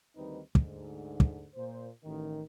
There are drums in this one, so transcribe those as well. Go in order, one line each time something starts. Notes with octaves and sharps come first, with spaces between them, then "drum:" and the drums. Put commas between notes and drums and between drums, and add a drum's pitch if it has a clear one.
D2 D#3 G3 C4 D#4 B4
D2 G#2 D3, drum: kick
drum: kick
A#2 C5
A1 D#3